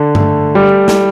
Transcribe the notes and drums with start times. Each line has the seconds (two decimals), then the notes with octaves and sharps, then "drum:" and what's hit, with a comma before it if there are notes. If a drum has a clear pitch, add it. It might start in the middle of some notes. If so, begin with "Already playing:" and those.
Already playing: D3
0.15 A3, drum: tom G2
0.55 G3
0.88 drum: snare